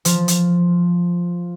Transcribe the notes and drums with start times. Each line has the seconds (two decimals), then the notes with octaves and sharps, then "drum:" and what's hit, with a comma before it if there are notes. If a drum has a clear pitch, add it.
0.05 F3, drum: hi-hat
0.28 drum: hi-hat